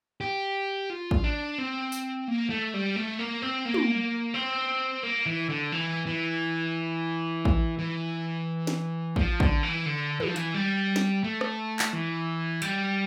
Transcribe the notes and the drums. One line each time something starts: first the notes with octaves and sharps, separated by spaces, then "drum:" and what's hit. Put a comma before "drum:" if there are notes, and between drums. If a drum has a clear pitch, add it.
G4
F4
drum: kick
D4
C4
drum: tambourine
A#3
A3
G3
A3
A#3
C4
A#3
drum: tom
C4
A#3
E3
D3
E3
E3
drum: kick
E3
drum: snare
F3, drum: kick
D3, drum: kick
E3
D3
E3, drum: tom
F3
E3, drum: hi-hat
G3
drum: snare
A3
drum: rim click
drum: clap
E3
G3, drum: hi-hat